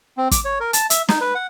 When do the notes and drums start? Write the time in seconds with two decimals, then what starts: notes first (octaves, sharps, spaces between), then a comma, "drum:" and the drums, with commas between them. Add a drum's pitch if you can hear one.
0.17 C4
0.31 D6, drum: kick, hi-hat
0.45 C#5
0.60 A#4
0.73 A5, drum: hi-hat
0.90 E5, drum: hi-hat
1.09 D#4, drum: snare
1.21 B4
1.35 F#5